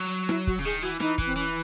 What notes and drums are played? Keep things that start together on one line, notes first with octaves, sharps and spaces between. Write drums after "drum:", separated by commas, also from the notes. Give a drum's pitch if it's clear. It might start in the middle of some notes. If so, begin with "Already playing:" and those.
Already playing: F#3
E4, drum: rim click
F#4, drum: kick
C#3
D#3 G#4
E3 F#4
E3 D#4, drum: rim click
E3, drum: kick
C4
E3 C#4